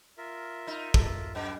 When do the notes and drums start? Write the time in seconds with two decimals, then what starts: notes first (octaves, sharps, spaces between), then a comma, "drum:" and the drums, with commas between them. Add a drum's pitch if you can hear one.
0.18 F4 A#4 E5
0.67 D#4
0.94 A4, drum: kick
1.35 F#2